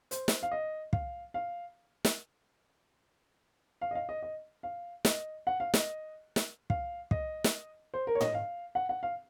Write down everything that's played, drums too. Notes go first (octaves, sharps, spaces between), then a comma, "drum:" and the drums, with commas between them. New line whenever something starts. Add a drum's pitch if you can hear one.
C5, drum: hi-hat
drum: snare
F5
D#5
F5, drum: kick
F5
drum: snare
F5
D#5
F5
D#5
D#5
F5
D#5, drum: snare
F#5
F5
D#5, drum: snare
drum: snare
F5, drum: kick
D#5, drum: kick
drum: snare
C5
A#4
C#5
D#5, drum: tom
F5
F#5
F#5
F5